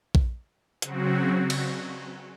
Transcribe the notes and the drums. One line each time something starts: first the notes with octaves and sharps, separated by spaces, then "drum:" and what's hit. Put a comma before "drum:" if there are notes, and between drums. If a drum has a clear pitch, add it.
drum: kick A#1
C#3 F#3 C4 F#4, drum: hi-hat
drum: cymbal